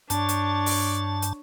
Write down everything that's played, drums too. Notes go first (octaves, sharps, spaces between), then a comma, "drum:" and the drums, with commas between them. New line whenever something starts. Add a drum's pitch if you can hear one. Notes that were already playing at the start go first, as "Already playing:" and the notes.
G2 D4 C#5 A5, drum: hi-hat
drum: hi-hat
drum: open hi-hat
drum: hi-hat